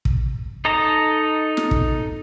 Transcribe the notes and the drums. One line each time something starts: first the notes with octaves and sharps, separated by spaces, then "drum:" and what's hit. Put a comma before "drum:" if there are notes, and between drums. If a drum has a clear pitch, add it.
drum: kick
D#4 A4 D#5 A5 A#5
drum: snare
drum: kick